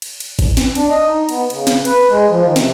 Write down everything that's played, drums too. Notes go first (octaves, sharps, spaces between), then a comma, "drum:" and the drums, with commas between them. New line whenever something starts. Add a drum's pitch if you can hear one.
drum: cymbal
drum: cymbal
drum: kick G#1, cymbal
drum: snare
D4, drum: cymbal
D#5
D#4
B3, drum: cymbal
C#3, drum: cymbal
drum: snare
B4, drum: cymbal
G#3
F3
D#3
C3, drum: snare